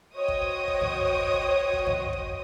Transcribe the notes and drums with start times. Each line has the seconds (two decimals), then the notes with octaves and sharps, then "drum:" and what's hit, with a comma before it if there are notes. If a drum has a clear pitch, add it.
0.15 F#4 C5 C#5 D#5 G5 D#6
0.28 drum: kick
0.68 drum: kick
0.81 drum: tom
1.07 drum: kick
1.34 drum: kick
1.73 drum: kick
1.86 drum: tom
2.13 drum: kick